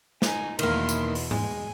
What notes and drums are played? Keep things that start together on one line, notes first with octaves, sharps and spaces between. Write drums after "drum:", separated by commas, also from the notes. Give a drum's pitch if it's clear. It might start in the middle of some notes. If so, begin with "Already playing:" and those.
D#4 G#5, drum: snare
E2 B2 D#3 A#3 E4 C6, drum: cymbal
drum: tambourine
drum: open hi-hat
G#3 G#5, drum: tom G#2